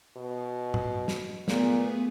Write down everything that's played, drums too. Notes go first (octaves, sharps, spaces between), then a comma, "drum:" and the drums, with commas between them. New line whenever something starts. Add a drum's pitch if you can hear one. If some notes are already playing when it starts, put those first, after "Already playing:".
B2
drum: tom A2
drum: snare
A#2 A3 B3 G#4, drum: snare